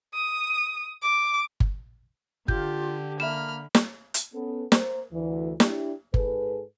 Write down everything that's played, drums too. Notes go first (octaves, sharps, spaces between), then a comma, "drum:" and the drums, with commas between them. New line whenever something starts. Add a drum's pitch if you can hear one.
D#6
D6
drum: kick G1
D3 F4 G4 G6, drum: kick G1
A#3 E5 B5 F6 E7
drum: snare
drum: hi-hat
B3 C#4 A4
A#3 A#4 C5, drum: snare
D2 E3
D4 E4 G4, drum: snare
G#2 G#4 A4 B4, drum: kick G1